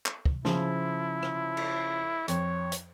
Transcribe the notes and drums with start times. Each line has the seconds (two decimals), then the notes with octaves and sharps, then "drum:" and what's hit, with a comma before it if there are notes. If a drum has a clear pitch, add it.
0.06 drum: clap
0.25 drum: kick
0.45 C#3 F3 E4, drum: snare
1.23 drum: rim click
1.57 drum: cymbal
2.28 F2 C#5, drum: hi-hat
2.72 drum: hi-hat